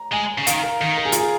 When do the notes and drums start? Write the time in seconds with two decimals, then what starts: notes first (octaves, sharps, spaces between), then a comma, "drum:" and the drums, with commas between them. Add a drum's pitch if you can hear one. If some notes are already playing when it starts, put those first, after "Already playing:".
Already playing: A#5
0.12 G#3 G#5
0.38 C#3
0.47 D#3 F5, drum: hi-hat
0.63 A#4
0.80 D#3 A#4
0.98 A#4
1.05 G#4
1.12 F4, drum: hi-hat
1.19 G#4